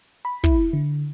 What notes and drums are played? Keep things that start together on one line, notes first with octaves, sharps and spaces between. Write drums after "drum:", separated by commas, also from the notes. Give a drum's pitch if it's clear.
B5
E4, drum: kick
D3